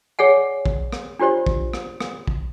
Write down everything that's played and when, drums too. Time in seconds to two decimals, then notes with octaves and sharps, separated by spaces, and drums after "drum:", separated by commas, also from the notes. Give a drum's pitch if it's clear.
0.19 G#4 C#5 D5 F#5 G#5
0.66 drum: kick
0.93 drum: rim click
1.20 D4 F4 G4 C5 D5
1.47 drum: kick
1.73 drum: rim click
2.00 drum: rim click
2.27 drum: kick